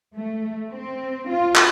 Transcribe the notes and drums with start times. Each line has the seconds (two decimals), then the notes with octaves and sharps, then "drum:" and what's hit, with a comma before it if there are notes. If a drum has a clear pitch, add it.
0.16 A3
0.72 C4
1.30 F4
1.55 drum: clap